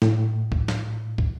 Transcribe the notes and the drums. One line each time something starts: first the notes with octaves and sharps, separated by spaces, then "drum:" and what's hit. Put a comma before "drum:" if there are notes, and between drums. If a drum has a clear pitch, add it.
A2, drum: snare
drum: kick
drum: snare
drum: kick